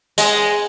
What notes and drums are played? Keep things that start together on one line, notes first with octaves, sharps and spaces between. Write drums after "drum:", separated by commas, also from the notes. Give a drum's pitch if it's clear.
G#3, drum: hi-hat